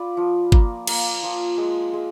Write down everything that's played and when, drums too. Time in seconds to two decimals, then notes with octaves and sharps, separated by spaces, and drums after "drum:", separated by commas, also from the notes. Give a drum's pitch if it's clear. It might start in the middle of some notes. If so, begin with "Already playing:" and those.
Already playing: F4 B4 D5
0.17 F3
0.52 A#3, drum: kick
0.87 A#3, drum: cymbal
1.23 F3
1.58 G#3
1.93 G#3